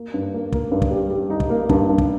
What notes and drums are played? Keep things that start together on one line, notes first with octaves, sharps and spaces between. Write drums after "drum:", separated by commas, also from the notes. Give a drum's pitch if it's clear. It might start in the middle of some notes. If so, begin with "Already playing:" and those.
Already playing: A#3
G2
A#3
A#3, drum: kick
G2
drum: kick
G3
G3
D#4
drum: kick
A#3
G2, drum: kick
G2
drum: kick